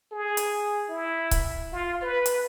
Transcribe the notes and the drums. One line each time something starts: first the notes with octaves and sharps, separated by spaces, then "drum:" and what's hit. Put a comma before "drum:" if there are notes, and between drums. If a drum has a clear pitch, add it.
G#4
drum: hi-hat
E4
drum: kick C#1, hi-hat
F4
B4
drum: hi-hat